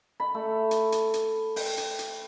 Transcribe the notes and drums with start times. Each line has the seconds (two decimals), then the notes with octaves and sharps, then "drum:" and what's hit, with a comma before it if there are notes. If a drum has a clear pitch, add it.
0.20 B5
0.34 A3
0.71 drum: hi-hat
0.92 drum: hi-hat
1.14 drum: hi-hat
1.56 G5, drum: open hi-hat
1.78 drum: hi-hat
1.99 drum: hi-hat